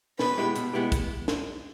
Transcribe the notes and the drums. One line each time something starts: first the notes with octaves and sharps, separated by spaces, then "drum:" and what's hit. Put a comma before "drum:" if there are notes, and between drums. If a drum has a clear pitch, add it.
B2 B4, drum: snare
G#3 B3 E4 G4
B2, drum: hi-hat
G#3 B3 E4 G4
drum: kick, hi-hat
drum: snare